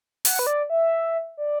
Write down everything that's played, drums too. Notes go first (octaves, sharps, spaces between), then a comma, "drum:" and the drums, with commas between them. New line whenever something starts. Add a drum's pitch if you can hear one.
F#5, drum: open hi-hat
B4
D5
E5
D5